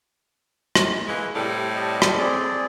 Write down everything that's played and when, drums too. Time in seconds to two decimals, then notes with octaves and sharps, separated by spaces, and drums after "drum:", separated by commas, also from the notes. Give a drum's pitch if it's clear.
0.75 drum: rim click
1.07 E3 G#3 A#3
1.33 A2 C3 G3
1.75 D#5 A5
2.02 drum: rim click
2.18 C4 G#4 D5